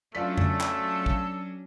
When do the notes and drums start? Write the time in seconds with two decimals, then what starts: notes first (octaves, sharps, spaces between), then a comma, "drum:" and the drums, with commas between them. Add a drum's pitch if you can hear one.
0.15 F#3 A3 C#4 D4 F4 A4 D5 B6
0.38 drum: tom F2
0.60 drum: clap
1.06 drum: kick